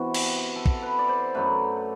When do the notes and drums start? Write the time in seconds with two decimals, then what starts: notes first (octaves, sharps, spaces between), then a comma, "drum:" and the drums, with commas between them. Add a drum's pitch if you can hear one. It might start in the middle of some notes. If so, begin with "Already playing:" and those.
Already playing: C3 E3 B3 F#4
0.14 drum: cymbal
0.56 A4
0.66 drum: kick
0.82 B4
0.99 D5
1.08 C5
1.35 F#2 F#3 A3 B4